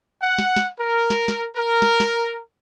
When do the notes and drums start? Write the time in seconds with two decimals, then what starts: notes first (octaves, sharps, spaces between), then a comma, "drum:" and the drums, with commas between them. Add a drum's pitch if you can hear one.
0.21 F#5
0.38 drum: snare
0.56 drum: snare
0.79 A#4
1.10 drum: snare
1.28 drum: snare
1.56 A#4
1.82 drum: snare
2.00 drum: snare